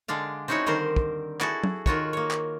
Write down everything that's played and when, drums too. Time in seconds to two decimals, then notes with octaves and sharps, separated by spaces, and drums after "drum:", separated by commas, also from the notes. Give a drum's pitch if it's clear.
0.08 D3 G#3 D4 F5
0.48 C4 C#4 D#4 E4 F#4 C#5
0.66 D3 D#3 G3 A#4 C5
0.96 drum: kick
1.41 E4 F#4 G#4 A4, drum: clap
1.64 drum: tom F#3
1.86 D#3 F4 F#4 C#5, drum: kick
2.13 A#3 C#5
2.31 drum: clap